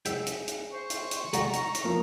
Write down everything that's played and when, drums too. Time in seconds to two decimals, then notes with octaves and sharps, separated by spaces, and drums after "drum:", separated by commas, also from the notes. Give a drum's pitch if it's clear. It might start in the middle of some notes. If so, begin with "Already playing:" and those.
0.05 G#4 E5 G5, drum: hi-hat
0.26 drum: hi-hat
0.48 drum: hi-hat
0.73 C5 C#6
0.90 drum: hi-hat
1.11 drum: hi-hat
1.33 G3 G#3 F#4 A#5, drum: hi-hat
1.53 drum: hi-hat
1.75 drum: hi-hat
1.84 F3 A#3